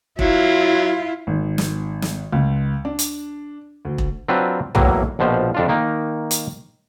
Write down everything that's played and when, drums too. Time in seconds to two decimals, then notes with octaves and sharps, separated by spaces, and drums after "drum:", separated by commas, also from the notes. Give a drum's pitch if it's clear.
0.19 F#3 E4 F4, drum: kick E1
1.27 G#1
1.58 drum: snare
2.02 drum: snare
2.32 C#2
2.85 D4
2.99 drum: hi-hat
3.85 D2
3.98 drum: kick E1
4.28 F#3 C4 D4 F4 B4
4.75 E2 A2 E3 F#3 A#3, drum: tom
5.19 A#1 B2 F3 C5
5.54 F2 D4 F4
5.68 D#3 A#3 D#4
6.31 drum: hi-hat